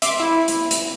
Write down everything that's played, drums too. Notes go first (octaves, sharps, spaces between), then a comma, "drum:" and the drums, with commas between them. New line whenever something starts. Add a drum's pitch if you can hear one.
E5 C6 D6, drum: hi-hat
E4
drum: hi-hat
drum: hi-hat